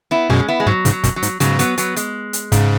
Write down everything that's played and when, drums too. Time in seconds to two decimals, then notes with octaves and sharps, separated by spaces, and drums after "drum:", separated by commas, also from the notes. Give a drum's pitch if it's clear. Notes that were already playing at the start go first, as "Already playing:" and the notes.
0.11 B3 E4
0.30 F#2 B2 G#3 C#4
0.48 B3 E4
0.60 G#3
0.67 G#2 F#3
0.85 G#2 C#3, drum: hi-hat
0.91 F#3
1.04 F#2 B2, drum: kick, hi-hat
1.16 F#3
1.23 G#2, drum: hi-hat
1.40 G#2 C#3 F#3 B3, drum: hi-hat
1.59 F#3 B3, drum: hi-hat
1.78 F#3 B3, drum: hi-hat
1.96 G#3, drum: hi-hat
2.33 drum: hi-hat
2.52 G#2 C#3, drum: kick, hi-hat